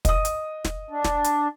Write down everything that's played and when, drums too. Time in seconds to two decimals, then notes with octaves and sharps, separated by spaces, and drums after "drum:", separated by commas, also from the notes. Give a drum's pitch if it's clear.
0.05 D#5 D#6, drum: kick, hi-hat
0.25 drum: hi-hat
0.65 drum: snare
0.91 D4
1.04 drum: snare
1.24 drum: hi-hat